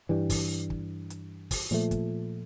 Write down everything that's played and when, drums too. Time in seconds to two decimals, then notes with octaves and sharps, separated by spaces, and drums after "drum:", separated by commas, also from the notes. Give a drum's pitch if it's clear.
0.09 G2 E3 G3
0.30 drum: kick, open hi-hat
0.70 drum: kick
1.10 drum: hi-hat
1.51 drum: kick, open hi-hat
1.71 A#2 F3 A3
1.91 drum: kick, hi-hat